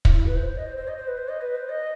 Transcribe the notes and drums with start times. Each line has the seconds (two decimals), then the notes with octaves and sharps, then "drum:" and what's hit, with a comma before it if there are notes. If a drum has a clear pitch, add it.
0.05 E4, drum: kick
0.15 E4
0.25 B4
0.35 C5
0.46 C5
0.57 D#5
0.66 C5
0.76 C5
0.87 D#5
0.96 C5
1.07 B4
1.17 C5
1.28 D#5
1.41 B4
1.55 C5
1.69 D#5